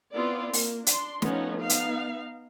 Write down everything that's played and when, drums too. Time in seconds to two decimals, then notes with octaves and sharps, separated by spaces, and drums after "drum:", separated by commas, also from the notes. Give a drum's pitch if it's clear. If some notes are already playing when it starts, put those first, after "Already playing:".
0.13 B3 C4 E4 F4 D5
0.53 A#3, drum: open hi-hat
0.87 D4 C6, drum: hi-hat
1.22 F3 A3 B3 C#4 D#4, drum: snare
1.60 B3 D#4 F5
1.69 drum: hi-hat